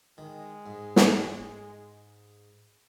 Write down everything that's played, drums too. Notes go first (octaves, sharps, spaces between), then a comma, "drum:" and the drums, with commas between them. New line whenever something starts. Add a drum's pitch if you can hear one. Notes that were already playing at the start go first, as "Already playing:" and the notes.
D#3 G#3
G#2
drum: snare